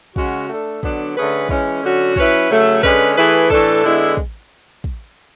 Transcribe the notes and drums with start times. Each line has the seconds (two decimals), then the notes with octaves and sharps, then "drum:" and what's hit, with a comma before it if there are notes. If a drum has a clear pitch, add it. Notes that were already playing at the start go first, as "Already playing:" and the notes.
0.16 C#3 G#3 C#4 F#4, drum: kick
0.49 A3 D4 A4
0.83 D3 F#3 B3 D4, drum: kick
1.16 D3 A3 C#4 G#4 B4
1.49 E3 G#3 C#4, drum: kick
1.83 D3 F#3 C#4 F#4
2.16 F#3 C#4 E4 B4, drum: kick
2.50 C#3 F#3 A3
2.83 D3 G#3 C#4 G#4 B4, drum: kick
3.17 E3 A3 E4 G#4 B4
3.50 A2 E3 A3 D4 A4, drum: kick
3.84 D3 G#3 B3 E4
4.17 drum: kick
4.84 drum: kick